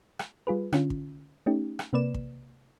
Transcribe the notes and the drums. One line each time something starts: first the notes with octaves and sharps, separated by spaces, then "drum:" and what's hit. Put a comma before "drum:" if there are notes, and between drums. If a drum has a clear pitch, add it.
drum: rim click
G3 F4 G#4 B4
D3 C#4 F4, drum: rim click
drum: kick
A3 C#4 D#4 G4
drum: rim click
C3 A#3 B4 D5 E7
drum: kick